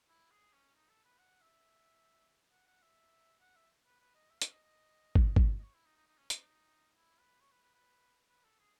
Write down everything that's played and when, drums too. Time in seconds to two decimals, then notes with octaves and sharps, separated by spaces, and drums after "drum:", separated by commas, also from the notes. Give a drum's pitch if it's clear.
0.09 E4
0.31 G#4
0.53 C#4
0.75 D#4
0.89 A4
1.04 B4
1.19 F#5
1.41 E5
2.52 F#5
2.67 F#5
2.82 E5
3.41 F#5
3.56 E5
3.86 B4
4.00 B4
4.15 D#5
4.30 E5
4.42 F#5, drum: hi-hat
4.52 D#5
4.63 D#5
5.15 drum: kick
5.36 drum: kick
5.59 D#5
5.63 C#5
5.74 E4
5.86 D#4
5.97 D#4
6.07 D#4
6.18 C#4
6.30 D#4, drum: hi-hat
6.41 D#4
6.96 E4
7.19 B4
7.41 C#5
7.52 B4
7.63 B4
7.74 B4
8.29 B4
8.44 A4
8.59 G#4